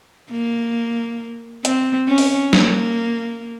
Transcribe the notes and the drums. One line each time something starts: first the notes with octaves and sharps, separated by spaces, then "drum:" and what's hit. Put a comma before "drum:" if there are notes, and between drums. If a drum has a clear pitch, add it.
A#3
C4, drum: hi-hat
C#4
drum: open hi-hat
A#3, drum: snare